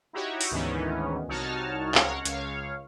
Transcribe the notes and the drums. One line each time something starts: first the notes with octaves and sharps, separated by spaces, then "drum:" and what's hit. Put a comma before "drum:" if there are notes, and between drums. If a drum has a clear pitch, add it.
D#4 E4 F#4 G4 C#5
drum: open hi-hat
D2 G#2 D#3 E3 B3 C#4
C2 D#4 F#4 C#5 A5 F6
C#2 A#4 C#5 F5 F#5, drum: clap
C#2 C#5 F5, drum: hi-hat